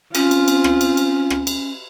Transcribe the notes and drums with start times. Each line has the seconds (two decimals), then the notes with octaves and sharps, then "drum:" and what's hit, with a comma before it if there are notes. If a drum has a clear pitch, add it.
0.15 C4 C#4 F4, drum: cymbal
0.31 drum: cymbal
0.48 drum: cymbal
0.64 drum: rim click
0.81 drum: cymbal
0.97 drum: cymbal
1.30 drum: rim click
1.47 drum: cymbal